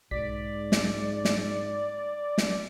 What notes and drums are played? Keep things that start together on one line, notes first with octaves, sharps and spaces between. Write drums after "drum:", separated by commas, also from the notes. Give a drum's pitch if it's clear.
B1 G#2 D5 B6
drum: snare
drum: snare
drum: snare